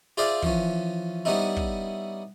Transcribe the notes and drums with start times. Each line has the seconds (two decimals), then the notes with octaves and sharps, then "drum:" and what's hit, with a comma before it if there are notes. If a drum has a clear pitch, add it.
0.17 F4 G#4 C5 D5 E5 F5
0.42 E3 F3 C#4, drum: kick
1.25 G3 B3 C#4 D#4 E4
1.56 drum: kick